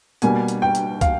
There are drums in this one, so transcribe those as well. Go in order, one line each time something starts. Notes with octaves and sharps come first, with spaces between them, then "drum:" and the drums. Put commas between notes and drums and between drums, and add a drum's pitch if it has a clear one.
B2 G3 A#3 G#5, drum: hi-hat
drum: hi-hat
G5
drum: hi-hat
F5, drum: kick, hi-hat